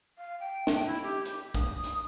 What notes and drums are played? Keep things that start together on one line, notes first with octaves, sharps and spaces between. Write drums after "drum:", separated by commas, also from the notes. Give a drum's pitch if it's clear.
F5
G5
drum: snare
E4
G4
drum: hi-hat
D#6, drum: kick, hi-hat
drum: hi-hat